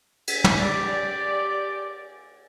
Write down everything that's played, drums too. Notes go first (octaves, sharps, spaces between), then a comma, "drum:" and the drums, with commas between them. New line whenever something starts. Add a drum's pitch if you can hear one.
drum: cymbal
drum: tom
G4 D5